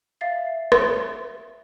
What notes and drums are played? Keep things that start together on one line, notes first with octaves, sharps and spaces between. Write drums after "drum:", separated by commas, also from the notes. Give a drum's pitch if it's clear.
E5 F5 A6 C7
drum: rim click